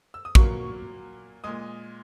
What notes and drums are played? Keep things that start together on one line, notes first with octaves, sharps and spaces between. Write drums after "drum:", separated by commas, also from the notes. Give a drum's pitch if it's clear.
E6
D#6
A#2 F#3 A#3 C#6, drum: kick
A#2 G#3 D#6